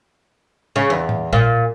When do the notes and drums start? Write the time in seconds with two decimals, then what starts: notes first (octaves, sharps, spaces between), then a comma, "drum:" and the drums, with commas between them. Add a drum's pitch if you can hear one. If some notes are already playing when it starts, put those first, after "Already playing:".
0.76 C#3
0.90 E2
1.09 drum: tom G#2
1.33 A#2, drum: kick A#1